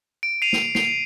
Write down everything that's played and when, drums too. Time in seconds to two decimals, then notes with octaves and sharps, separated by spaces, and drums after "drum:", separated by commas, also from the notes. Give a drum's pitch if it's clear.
0.23 D7
0.42 C7 D#7 F7
0.53 drum: snare
0.75 C7 F7, drum: snare